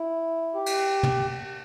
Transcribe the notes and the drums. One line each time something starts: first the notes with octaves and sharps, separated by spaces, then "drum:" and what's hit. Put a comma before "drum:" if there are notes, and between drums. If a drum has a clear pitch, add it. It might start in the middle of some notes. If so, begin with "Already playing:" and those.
Already playing: E4
G4
drum: cymbal
drum: tom